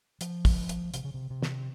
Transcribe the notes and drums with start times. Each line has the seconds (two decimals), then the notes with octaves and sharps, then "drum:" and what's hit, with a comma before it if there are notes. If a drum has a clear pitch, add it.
0.21 F3, drum: hi-hat
0.45 drum: kick, open hi-hat
0.69 drum: hi-hat
0.94 C3, drum: hi-hat
1.04 C#3
1.14 C3
1.30 C3
1.42 drum: snare